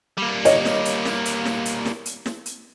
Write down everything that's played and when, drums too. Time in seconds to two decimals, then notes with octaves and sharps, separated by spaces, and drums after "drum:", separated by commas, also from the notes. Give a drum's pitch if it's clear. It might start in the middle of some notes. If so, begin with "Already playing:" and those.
0.18 G3 A#3
0.45 C#5 D#5, drum: hi-hat
0.65 drum: snare
0.85 drum: hi-hat
1.05 drum: snare
1.25 drum: hi-hat
1.45 drum: snare
1.65 drum: hi-hat
1.85 drum: snare
2.06 drum: hi-hat
2.26 drum: snare
2.46 drum: hi-hat